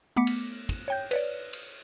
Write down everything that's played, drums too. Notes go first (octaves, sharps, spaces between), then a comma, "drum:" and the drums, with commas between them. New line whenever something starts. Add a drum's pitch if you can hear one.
A3 B3 D6 B6 C#7
drum: cymbal
drum: kick, cymbal
C#5 G5 G6
B4 C#5 D5, drum: cymbal
drum: cymbal